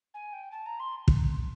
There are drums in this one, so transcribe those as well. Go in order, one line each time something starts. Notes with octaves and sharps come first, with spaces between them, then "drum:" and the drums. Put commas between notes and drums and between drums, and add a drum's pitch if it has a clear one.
G#5
G5
A5
A#5
C6
drum: kick